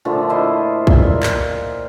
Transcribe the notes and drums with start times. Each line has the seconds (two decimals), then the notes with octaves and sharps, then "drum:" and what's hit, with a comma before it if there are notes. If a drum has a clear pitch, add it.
0.05 A#2 D3 F3 A3
0.30 E4 F4 C5 D#5
0.87 A#2 E5 F5, drum: kick
1.23 drum: clap